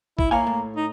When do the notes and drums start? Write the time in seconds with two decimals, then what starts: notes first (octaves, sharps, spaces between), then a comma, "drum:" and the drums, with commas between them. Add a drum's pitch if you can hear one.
0.19 E4, drum: kick
0.31 A#3 C#5 F5 G#5
0.47 A2
0.76 D#4